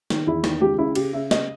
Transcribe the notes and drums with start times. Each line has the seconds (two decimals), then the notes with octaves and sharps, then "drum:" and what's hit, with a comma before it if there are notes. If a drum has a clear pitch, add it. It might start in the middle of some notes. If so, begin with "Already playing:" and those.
0.10 D#3, drum: snare
0.27 E2 E4
0.44 D#3, drum: snare
0.61 C#2 G4
0.78 C#3 E4
0.95 C#3 G4, drum: cymbal
1.13 C#3 E5
1.31 D#5, drum: snare